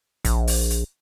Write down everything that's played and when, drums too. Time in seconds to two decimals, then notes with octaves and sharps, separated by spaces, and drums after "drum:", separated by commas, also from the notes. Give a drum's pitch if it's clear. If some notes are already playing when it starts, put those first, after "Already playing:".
0.25 A#1, drum: kick, hi-hat
0.47 drum: open hi-hat
0.70 drum: hi-hat